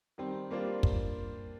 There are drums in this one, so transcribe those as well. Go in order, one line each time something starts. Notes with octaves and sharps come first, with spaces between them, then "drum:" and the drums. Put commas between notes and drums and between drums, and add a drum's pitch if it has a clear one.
D#3 G3 C4
G3 A#3 D4 F4 C5
drum: kick